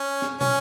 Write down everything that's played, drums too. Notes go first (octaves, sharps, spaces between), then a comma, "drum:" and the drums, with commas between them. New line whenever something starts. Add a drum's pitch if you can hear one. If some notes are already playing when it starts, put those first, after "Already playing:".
Already playing: C#4
drum: snare
C#4, drum: tom